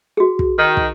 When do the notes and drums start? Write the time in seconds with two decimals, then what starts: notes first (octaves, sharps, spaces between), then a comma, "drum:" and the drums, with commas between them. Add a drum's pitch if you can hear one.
0.17 F#4 G#4
0.39 drum: kick
0.58 D#3
0.77 drum: kick